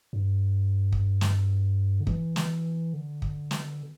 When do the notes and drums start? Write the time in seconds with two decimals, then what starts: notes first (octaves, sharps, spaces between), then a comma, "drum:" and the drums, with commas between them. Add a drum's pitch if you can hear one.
0.13 G2
0.92 drum: kick
1.21 drum: snare
2.00 D3
2.07 E3, drum: kick
2.36 drum: snare
2.94 D3
3.22 drum: kick
3.51 drum: snare